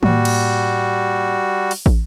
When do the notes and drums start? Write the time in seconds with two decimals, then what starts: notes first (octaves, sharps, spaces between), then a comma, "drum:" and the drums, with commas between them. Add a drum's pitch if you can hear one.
0.03 A2 G3 A#3 F#4, drum: tom
0.25 drum: cymbal
1.71 drum: open hi-hat
1.86 drum: kick